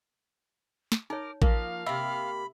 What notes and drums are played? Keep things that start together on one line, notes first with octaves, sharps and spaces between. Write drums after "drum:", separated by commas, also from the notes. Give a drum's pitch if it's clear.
drum: snare
D#4 A#4 C#5 D6
F3 A#3 A#4 F5, drum: kick A1
C3 A#3 E5 B5 E6